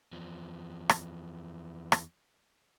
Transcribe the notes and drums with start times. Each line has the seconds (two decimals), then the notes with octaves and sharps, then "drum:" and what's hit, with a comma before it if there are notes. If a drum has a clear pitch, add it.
0.13 E2 F3
0.89 drum: rim click
1.92 drum: rim click